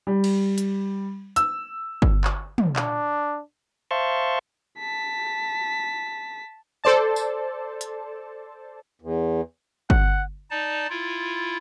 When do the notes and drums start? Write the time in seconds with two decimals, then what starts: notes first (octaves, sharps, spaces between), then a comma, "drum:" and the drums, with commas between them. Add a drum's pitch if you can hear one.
0.07 G3
0.24 drum: cymbal
0.58 drum: hi-hat
1.36 E6, drum: hi-hat
2.02 drum: kick G1
2.24 drum: clap
2.58 drum: tom
2.76 D4, drum: clap
3.91 C5 E5 F5 A5 C6 C#6
4.79 A5 B6
6.84 A4 C5 D5 A5
7.16 drum: tambourine
7.81 drum: hi-hat
9.02 E2
9.90 F#5, drum: kick G1
10.51 D#4 D5 A5
10.90 E4 F4